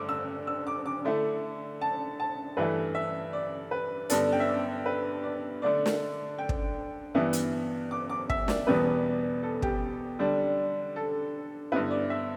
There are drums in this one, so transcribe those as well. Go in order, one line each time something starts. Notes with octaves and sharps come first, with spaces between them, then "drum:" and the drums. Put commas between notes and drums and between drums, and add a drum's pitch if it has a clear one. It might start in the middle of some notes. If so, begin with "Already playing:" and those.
Already playing: G2 D3 A3 D6
E6
E6
D6
D6
D3 A3 E4
A5
A5
G2 E3 A3 E4 B4
E5
D5
B4
G2 D3 B3 D4 A4, drum: hi-hat
G5
E5
D5
B4
D5
D3 A3 D4 D5
drum: snare
G5
drum: kick
G2 E3 B3 E4
drum: hi-hat
D6
D6
E5, drum: kick
D5, drum: snare
E2 B2 G3 B3 E4 B4
A4
G4, drum: kick
D3 G3 D4
A4
G2 D3 B3 E4 B4
D5
E5